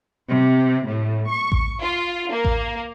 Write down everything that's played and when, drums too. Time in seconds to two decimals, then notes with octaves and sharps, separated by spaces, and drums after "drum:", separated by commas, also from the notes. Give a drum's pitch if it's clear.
0.32 C3
0.87 A2
1.28 C#6
1.52 drum: kick A1
1.81 F4
2.31 A#3
2.45 drum: kick A1